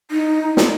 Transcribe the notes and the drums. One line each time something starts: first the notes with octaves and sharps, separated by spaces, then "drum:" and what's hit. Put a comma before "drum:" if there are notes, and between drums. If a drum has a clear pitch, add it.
D#4
drum: snare